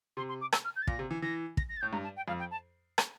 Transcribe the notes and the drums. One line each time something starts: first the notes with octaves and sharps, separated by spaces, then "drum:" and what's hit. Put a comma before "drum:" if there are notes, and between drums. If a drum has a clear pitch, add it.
C3 C6
C6
D6
E6, drum: rim click
F6
G6
A6
A#2 A#6, drum: kick
C3
E3
E3 A#6
A#6, drum: kick
A#6
A6
A2 G6
G2 A#5
A5
G5
F2 F5
G5
A5
drum: rim click